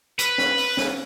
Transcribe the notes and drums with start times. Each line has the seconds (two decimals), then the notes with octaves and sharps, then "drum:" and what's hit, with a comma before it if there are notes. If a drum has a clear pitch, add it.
0.19 B4, drum: hi-hat
0.38 drum: snare
0.58 drum: open hi-hat
0.77 drum: snare